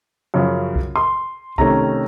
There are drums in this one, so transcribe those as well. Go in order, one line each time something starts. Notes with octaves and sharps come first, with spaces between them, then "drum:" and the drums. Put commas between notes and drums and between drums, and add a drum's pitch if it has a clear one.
F#2 C#3 F3
drum: kick B1
C6
C3 D#3 A3 C#4 A#5, drum: kick B1